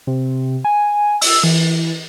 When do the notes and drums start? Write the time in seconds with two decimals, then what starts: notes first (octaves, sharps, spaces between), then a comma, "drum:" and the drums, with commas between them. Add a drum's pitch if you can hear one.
0.07 C3
0.65 G#5
1.21 E6, drum: open hi-hat
1.44 E3